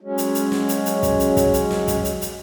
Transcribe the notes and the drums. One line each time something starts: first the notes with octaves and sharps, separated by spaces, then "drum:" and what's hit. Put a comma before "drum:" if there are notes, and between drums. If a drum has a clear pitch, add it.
F#3 G#3 C#4
drum: hi-hat
drum: hi-hat
drum: snare
drum: hi-hat
drum: hi-hat
drum: kick, hi-hat
drum: hi-hat
drum: kick, hi-hat
drum: hi-hat
drum: snare
drum: kick, hi-hat
drum: hi-hat
drum: hi-hat